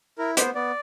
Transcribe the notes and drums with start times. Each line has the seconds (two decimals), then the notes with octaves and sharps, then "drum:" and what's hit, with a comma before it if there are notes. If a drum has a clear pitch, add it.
0.18 E4 A#4
0.37 B3 C5, drum: hi-hat
0.55 B3 D5